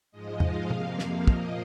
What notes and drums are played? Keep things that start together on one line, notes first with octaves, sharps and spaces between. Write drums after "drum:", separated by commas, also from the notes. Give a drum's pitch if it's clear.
G#2 F3 G#3 D#5
F5, drum: tom E2
F2 C3 F3 A#3, drum: tom
drum: snare
A#2 F3 A#3 D#5, drum: kick